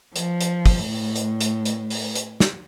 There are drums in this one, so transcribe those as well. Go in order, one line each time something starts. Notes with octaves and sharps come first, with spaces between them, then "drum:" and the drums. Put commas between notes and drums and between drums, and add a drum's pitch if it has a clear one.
F3, drum: hi-hat
drum: hi-hat
drum: kick, open hi-hat
A2
drum: hi-hat
drum: hi-hat
drum: hi-hat
drum: open hi-hat
drum: hi-hat
drum: snare